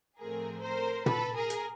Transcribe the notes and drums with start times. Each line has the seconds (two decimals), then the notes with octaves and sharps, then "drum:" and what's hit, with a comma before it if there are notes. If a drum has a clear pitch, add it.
0.18 A2 F3 A3 C4 G#4 A#4
0.62 A#4 C5
1.06 A4 B4, drum: tom
1.35 G#4 A#4
1.50 drum: hi-hat